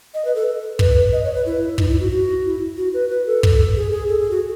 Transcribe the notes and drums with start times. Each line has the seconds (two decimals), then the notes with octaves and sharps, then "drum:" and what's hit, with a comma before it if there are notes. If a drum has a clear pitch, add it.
0.14 D#5
0.25 B4
0.35 A4
0.79 B4, drum: kick
1.13 D#5
1.24 C#5
1.34 B4
1.46 E4
1.78 D#4, drum: kick
1.89 E4
2.00 F#4
2.11 F#4
2.45 E4
2.77 F#4
2.94 B4
3.10 B4
3.27 A4
3.43 drum: kick
3.76 G#4
3.92 G#4
4.09 A4
4.20 G#4
4.31 F#4